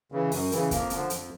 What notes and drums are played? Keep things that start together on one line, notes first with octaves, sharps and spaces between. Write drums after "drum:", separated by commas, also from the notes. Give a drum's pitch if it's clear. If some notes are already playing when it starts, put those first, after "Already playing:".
C#3 E3
F#2, drum: open hi-hat
C#3 E3, drum: hi-hat
F2 A#3, drum: kick, hi-hat
D3 F3, drum: hi-hat
F2, drum: hi-hat